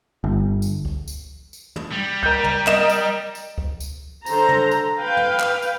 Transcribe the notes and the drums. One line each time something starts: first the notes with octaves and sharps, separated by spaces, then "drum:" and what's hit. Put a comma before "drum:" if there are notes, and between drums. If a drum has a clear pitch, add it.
G1
drum: tambourine
drum: kick C#2
drum: tambourine
drum: tambourine
drum: tom
G3
A#4 G6, drum: kick C#2
drum: tom
A#4 D#5 E7, drum: clap
drum: tambourine
drum: tambourine
drum: kick C#2
drum: tambourine
D3 A4 C5 A#5, drum: tambourine
drum: tom
drum: tambourine
B4 F5 G5
drum: tom
drum: clap
drum: tambourine